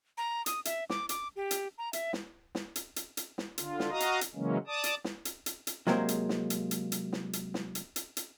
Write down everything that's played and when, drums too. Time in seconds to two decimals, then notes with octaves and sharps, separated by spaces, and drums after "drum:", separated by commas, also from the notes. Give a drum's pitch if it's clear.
0.17 A#5
0.46 D#6, drum: hi-hat
0.65 E5, drum: hi-hat
0.90 D6, drum: snare
1.09 D6, drum: hi-hat
1.36 G4
1.51 drum: hi-hat
1.78 A#5
1.93 E5, drum: hi-hat
2.13 drum: snare
2.55 drum: snare
2.76 drum: hi-hat
2.96 drum: hi-hat
3.17 drum: hi-hat
3.38 drum: snare
3.58 D3 F4, drum: hi-hat
3.80 drum: snare
3.90 F#4 D#5 F5 A#5 D#6
4.00 drum: hi-hat
4.21 drum: hi-hat
4.35 C#3 E3 F#3 G#3 A#3 C#4
4.67 D5 A5 D6 D#6
4.84 drum: hi-hat
5.04 drum: snare
5.25 drum: hi-hat
5.46 drum: hi-hat
5.67 drum: hi-hat
5.87 C3 F#3 G#3 A#3 G#4 C5, drum: snare
6.09 drum: hi-hat
6.29 drum: snare
6.50 drum: hi-hat
6.71 drum: hi-hat
6.92 drum: hi-hat
7.13 drum: snare
7.33 drum: hi-hat
7.54 drum: snare
7.75 drum: hi-hat
7.96 drum: hi-hat
8.17 drum: hi-hat